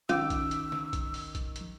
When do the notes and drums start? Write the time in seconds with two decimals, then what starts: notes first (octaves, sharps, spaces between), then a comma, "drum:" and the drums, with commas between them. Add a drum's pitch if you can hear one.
0.09 D#3 C#4 F4 D6 E6 D7, drum: hi-hat
0.30 drum: kick, hi-hat
0.51 drum: hi-hat
0.72 drum: snare
0.93 drum: kick, hi-hat
1.14 drum: open hi-hat
1.35 drum: kick, hi-hat
1.56 drum: hi-hat